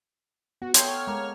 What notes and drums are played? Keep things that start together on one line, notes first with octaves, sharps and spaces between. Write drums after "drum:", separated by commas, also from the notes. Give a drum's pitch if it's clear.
B3 F#4
A3 C#5 G5 C6 D#6, drum: hi-hat
F6
G#3 A#3